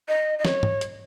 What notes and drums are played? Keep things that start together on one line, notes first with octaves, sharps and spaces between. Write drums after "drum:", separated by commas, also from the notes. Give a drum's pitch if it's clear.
D#5
D#5
C#5, drum: snare
drum: tom
drum: hi-hat